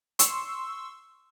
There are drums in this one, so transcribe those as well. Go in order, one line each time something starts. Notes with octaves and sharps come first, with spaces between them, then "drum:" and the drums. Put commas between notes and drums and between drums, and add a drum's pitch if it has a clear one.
C6 C#6 E6, drum: hi-hat